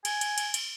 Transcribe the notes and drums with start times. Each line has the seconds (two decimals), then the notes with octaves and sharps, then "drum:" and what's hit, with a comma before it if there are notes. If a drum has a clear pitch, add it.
0.05 G#5, drum: cymbal
0.21 drum: cymbal
0.38 drum: cymbal
0.54 drum: cymbal